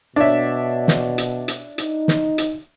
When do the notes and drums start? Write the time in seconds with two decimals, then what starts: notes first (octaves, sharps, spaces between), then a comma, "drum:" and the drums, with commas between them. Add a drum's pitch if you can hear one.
0.16 B2 D4 C#5 E5
0.88 drum: snare
1.18 drum: hi-hat
1.48 drum: hi-hat
1.78 D#4, drum: hi-hat
2.08 drum: snare
2.38 drum: hi-hat